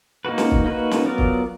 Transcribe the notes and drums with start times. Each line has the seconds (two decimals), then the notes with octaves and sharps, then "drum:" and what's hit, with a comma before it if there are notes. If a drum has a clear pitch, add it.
0.25 A#3 D#4 F#4 B4
0.38 drum: snare
0.51 drum: kick
0.64 A#3 D#4 F#4 B4
0.91 drum: snare
1.05 F#3 B3 F4 A#4 D5
1.18 drum: kick